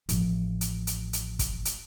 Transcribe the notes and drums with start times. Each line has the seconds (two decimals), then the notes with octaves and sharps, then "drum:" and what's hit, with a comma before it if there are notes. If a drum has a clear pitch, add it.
0.09 A1 F3, drum: hi-hat
0.61 drum: hi-hat
0.87 drum: hi-hat
1.13 drum: hi-hat
1.39 drum: kick, hi-hat
1.65 drum: hi-hat